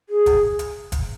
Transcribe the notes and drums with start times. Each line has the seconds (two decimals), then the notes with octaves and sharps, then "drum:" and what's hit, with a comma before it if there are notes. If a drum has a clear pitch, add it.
0.09 G#4
0.26 drum: kick, hi-hat
0.59 drum: hi-hat
0.92 drum: kick, hi-hat